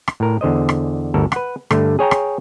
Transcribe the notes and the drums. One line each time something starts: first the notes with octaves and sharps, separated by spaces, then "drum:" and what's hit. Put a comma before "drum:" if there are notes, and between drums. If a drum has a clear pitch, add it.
drum: rim click
A2 A#4
E2 D3 C5 D#5
drum: rim click
G1 D2 A4 A#4
B4 F#5, drum: rim click
G2 D3 A3, drum: rim click
G#4 C#5 G5 A#5
drum: rim click